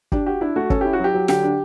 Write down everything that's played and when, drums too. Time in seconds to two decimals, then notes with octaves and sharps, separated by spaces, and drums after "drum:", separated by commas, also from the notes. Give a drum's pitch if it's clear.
0.12 D4 G4, drum: kick
0.26 F#4 G4
0.41 D4 E4
0.56 A3 F#4
0.70 C#4 A4, drum: kick
0.81 E4 G4
0.93 F#4
0.99 F#3 G4
1.14 F#3
1.28 D3 G4, drum: snare
1.43 D4